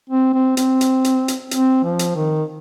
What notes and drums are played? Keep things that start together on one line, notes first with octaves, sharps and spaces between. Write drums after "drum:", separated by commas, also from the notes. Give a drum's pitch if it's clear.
C4
C4
C4, drum: hi-hat
drum: hi-hat
drum: hi-hat
drum: hi-hat
C4, drum: hi-hat
F3
drum: hi-hat
D#3